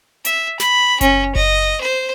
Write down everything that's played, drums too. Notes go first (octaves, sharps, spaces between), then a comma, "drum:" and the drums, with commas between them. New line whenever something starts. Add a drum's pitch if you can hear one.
E5, drum: hi-hat
B5, drum: snare
C#4, drum: kick F#1, hi-hat
D#5, drum: kick F#1
C5